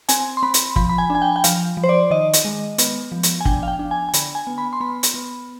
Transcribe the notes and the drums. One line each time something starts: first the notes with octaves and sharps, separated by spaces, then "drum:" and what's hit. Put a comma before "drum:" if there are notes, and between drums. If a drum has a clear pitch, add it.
C4 G#5, drum: hi-hat
C6
C4 B5
drum: hi-hat
F3 B5, drum: kick
B5
G#5
D4
G#5
G5
G5
F3 F5, drum: hi-hat
F3
C5
D5
D#3 D#5
drum: hi-hat
G#3
B3, drum: hi-hat
F3
drum: hi-hat
G#5
D4 G5, drum: kick
F5
G5
D4
G#5
G#5
D3 B5, drum: hi-hat
G#5
B3
B5
C6
B3 B5
drum: hi-hat
B3